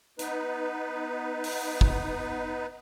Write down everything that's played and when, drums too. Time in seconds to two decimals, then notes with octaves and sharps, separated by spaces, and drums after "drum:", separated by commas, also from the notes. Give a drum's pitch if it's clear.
0.19 B3 D#4 B4, drum: hi-hat
1.44 drum: open hi-hat
1.81 drum: kick